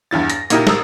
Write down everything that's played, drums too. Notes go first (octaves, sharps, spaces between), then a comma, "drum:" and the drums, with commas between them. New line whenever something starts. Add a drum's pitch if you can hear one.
E2 G2 E4 A6
A#6, drum: hi-hat
A#2 A#3 D#4 E4 G4 A#4, drum: hi-hat
A1 A#4 D#6 E6, drum: snare